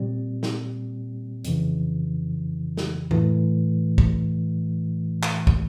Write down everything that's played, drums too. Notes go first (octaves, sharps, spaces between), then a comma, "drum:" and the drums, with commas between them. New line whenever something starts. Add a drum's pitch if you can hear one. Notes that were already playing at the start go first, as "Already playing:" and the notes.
Already playing: A#2 G3 C4
drum: snare
F2 C#3 E3, drum: hi-hat
drum: snare
A2 E3 A3, drum: tom F2
drum: kick
drum: clap
drum: kick